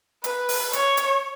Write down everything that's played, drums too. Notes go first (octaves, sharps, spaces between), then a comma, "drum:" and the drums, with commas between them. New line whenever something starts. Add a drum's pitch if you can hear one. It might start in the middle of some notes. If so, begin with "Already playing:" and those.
B4, drum: hi-hat
drum: open hi-hat
C#5, drum: hi-hat
drum: hi-hat